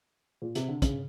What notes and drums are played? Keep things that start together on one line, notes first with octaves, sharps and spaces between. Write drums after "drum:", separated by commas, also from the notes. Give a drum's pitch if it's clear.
A#2
C3, drum: hi-hat
D3
C#3, drum: kick, hi-hat